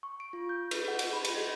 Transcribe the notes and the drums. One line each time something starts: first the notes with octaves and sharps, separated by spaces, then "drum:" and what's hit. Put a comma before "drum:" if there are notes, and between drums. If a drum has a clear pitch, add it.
C#6
D7
F4
G6
B4, drum: cymbal
F#5
drum: cymbal
B5
G4, drum: cymbal